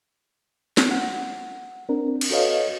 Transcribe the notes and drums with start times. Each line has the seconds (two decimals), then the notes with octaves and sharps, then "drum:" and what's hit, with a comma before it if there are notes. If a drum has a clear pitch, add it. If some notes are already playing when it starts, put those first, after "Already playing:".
0.77 drum: snare
0.91 F#5
1.89 C4 D4 A#4
2.21 drum: cymbal
2.30 F#4 A4 B4 C#5 D#5 F5